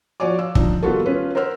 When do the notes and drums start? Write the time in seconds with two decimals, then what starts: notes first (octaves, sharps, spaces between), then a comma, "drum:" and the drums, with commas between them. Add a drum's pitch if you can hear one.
0.20 F3 F#4 C#5 D5 G#5 D6
0.39 F5 E6
0.55 F3 D4 D#4, drum: kick
0.83 D#3 G3 B3 F4 F#4 A4
1.06 C#4 F4 B4
1.35 A#4 C5 F#5 E6 F6